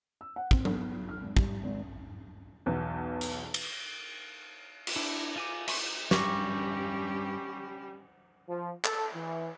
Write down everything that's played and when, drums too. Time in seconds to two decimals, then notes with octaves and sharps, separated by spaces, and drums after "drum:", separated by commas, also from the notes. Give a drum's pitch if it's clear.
0.21 E6
0.36 F#5
0.51 C4, drum: kick
0.65 B3, drum: tom F#3
0.91 F4
1.09 F6
1.21 G#1
1.37 G3, drum: kick
1.64 G#1
2.66 B1 E2
3.21 drum: hi-hat
3.54 drum: cymbal
4.87 drum: cymbal
4.96 D4 E4
5.36 F4 G#5 D6
5.68 E5 G#5 C6 C#6, drum: cymbal
6.11 G2 G3 C#4 G4 C#6 D6 A#6, drum: snare
8.48 F3
8.85 A4, drum: clap
9.14 E3